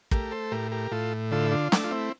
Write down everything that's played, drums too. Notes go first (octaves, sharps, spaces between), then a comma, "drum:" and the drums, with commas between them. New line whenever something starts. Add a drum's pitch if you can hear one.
A3 G4 A#4, drum: kick
A4 C5
A2 G4 A#4
G4 A#4
A2 F4 A4
D3 F4 A4
E4
D4 F4
A3 D4, drum: snare
F4
C4 E4